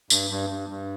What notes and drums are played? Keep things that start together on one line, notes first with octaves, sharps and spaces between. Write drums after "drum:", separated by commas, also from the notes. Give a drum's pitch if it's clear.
G2, drum: tambourine
G2
G2
G2